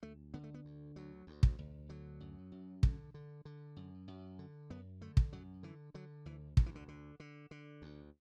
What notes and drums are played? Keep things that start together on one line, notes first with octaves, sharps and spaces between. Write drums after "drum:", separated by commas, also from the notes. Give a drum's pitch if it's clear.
D2 A3
D3 B3
A3
B3
D2
D2 F#3
D2
drum: kick
D2
D3 F#3
F#2
F#2
D3, drum: kick
D3
D3
F#2
F#2
D3
F#2 B3
D3 A3
drum: kick
F#2 F#3
D3 E3
D3 F#3
D2 E3
D2 D3, drum: kick
E3
D3
D3
D3
D3
D2